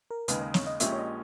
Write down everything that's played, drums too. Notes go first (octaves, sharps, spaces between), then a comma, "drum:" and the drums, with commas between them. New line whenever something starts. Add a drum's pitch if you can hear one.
A#4
D#2 C#3 G#3 B4, drum: hi-hat
D#5
C#5, drum: snare
D#5
A#1 A#2 G#3 C#4 G4 E5, drum: hi-hat
C#5
D#5